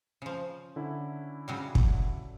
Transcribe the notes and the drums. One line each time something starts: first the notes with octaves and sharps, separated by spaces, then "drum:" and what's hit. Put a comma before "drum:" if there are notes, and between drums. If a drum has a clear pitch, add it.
C#3 F3
D3 C#4 E4
C#3 F#3 G3
drum: kick